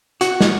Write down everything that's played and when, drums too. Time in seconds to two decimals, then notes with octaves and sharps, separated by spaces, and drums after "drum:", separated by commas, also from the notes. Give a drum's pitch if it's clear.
0.21 F#4, drum: hi-hat
0.41 drum: snare